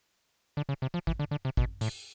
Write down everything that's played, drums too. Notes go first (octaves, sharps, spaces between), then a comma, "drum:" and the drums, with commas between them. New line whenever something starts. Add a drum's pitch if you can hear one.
D3
C#3
C3
F3
E3, drum: kick
D3
D3
C3
B2, drum: kick
A2, drum: open hi-hat